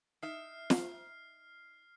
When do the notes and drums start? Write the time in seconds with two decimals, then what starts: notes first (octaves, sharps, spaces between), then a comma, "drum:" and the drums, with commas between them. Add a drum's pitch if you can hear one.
0.23 D#4 E5 F6 C7
0.70 drum: snare